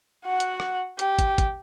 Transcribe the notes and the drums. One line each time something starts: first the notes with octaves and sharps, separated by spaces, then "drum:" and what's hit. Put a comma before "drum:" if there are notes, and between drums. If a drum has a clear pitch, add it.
F#4 F#5
drum: hi-hat
drum: rim click
G4, drum: hi-hat
drum: kick, hi-hat
drum: kick, hi-hat